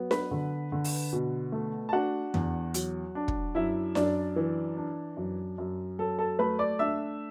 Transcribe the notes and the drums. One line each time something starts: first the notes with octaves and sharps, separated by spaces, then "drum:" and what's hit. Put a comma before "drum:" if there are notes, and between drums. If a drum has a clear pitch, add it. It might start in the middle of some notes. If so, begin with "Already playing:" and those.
Already playing: F#3 B3
B4 B5, drum: snare D4
D3
D3
drum: open hi-hat
B2
A3
A5
D4 F#4 F#5
E2, drum: tom F2
F#3, drum: hi-hat
D4
drum: kick
F#2 E4 E5
F#2 D4 D5, drum: snare D4
E3
D4
F#2
F#2
F#3 A4
A4 A5
A3 B4 B5
D5 D6
D4 E5 E6